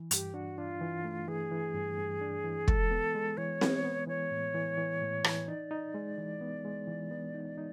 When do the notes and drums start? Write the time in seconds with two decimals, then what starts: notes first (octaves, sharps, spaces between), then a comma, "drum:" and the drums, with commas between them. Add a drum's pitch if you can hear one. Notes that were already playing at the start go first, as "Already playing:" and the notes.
Already playing: E3
0.11 G2 G4, drum: hi-hat
0.34 D4 F#4
0.58 D4 F4
0.81 E3
1.04 A3
1.28 E3 G#4
1.51 E3
1.75 G2
1.97 G2
2.21 D4
2.44 E3
2.68 G#3 A4, drum: kick
2.91 B3
3.15 G#3
3.37 E3 C#5
3.61 B3, drum: snare C4
3.84 B3
4.07 E3 C#5
4.31 A2
4.54 E3
4.78 E3
5.01 A2
5.24 E3, drum: rim click
5.48 D#4 D5
5.71 D#4
5.94 G#3
6.17 E3
6.41 B3
6.65 G#3
6.88 E3
7.11 B3
7.34 D#4
7.57 D#4